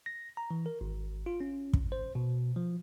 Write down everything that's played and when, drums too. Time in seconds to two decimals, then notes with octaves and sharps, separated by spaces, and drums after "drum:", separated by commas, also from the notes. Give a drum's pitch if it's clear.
0.06 A#6
0.37 A#5
0.51 E3
0.66 A#4
0.81 G#1
1.26 F4
1.41 C#4
1.73 drum: kick
1.92 C5
2.15 B2
2.56 F3